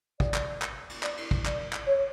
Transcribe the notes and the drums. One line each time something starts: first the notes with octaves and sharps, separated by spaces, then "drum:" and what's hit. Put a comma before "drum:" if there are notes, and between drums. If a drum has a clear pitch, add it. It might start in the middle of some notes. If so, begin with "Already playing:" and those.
D5, drum: kick
drum: clap
drum: clap
drum: cymbal
D5, drum: clap
drum: cymbal
drum: kick
D5, drum: clap
drum: clap
C#5